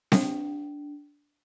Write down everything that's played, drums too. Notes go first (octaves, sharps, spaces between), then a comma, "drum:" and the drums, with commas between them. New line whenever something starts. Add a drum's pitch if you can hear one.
D4, drum: snare C4